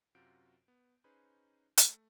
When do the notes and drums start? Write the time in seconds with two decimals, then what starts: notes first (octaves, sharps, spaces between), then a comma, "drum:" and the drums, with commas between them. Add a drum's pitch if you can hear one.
0.15 F#2 C3 F4 F#4 G6 D7
0.68 B3
1.04 C#4 D#4 G#4 B4 C5
1.78 A3, drum: hi-hat